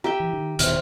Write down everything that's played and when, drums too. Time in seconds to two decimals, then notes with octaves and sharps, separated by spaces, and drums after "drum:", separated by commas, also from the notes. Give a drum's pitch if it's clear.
0.04 G4 E5 G5 A#5
0.20 E3
0.33 D#3
0.59 D#1 B2 D#3 C5 E5 F6, drum: hi-hat